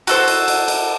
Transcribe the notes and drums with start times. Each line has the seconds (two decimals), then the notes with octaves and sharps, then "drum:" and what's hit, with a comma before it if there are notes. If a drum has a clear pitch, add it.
0.07 F#4 A4 C5, drum: cymbal
0.28 drum: cymbal
0.48 drum: cymbal
0.68 drum: cymbal